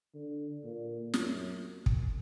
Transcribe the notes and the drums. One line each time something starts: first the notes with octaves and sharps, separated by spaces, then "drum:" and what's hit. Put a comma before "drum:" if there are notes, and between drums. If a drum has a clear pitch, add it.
D3
A#2
F#2, drum: snare
drum: kick